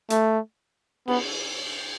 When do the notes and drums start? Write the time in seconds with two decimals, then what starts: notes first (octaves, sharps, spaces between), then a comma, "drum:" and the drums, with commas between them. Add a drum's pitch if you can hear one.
0.10 A3, drum: hi-hat
1.08 B3, drum: cymbal